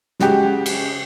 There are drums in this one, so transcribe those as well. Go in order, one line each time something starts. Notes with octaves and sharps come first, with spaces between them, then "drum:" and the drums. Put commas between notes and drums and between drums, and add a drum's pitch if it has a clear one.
C#3 G#3 F#4 G4, drum: snare
drum: cymbal